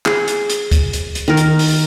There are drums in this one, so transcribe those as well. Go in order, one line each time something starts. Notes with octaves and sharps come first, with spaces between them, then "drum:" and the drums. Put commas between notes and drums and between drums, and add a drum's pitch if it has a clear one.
G#4, drum: clap
drum: hi-hat
drum: hi-hat
drum: kick C#2, hi-hat
drum: hi-hat
drum: hi-hat
D#3 A#4
drum: hi-hat
drum: open hi-hat